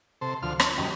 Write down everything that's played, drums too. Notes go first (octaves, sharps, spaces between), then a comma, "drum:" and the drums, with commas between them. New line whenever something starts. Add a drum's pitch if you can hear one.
C3 A4 C5
D2 F3 C6 F6
C#4, drum: rim click
F#2 D#3 G3 C#4